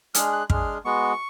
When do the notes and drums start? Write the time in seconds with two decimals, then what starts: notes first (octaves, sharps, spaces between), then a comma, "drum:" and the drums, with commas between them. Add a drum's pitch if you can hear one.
0.14 G#3 D4 G#4 F6, drum: hi-hat
0.32 F#6
0.50 G#3 D4 G#4 F6, drum: kick
0.85 G#3 B3 F#4 C#6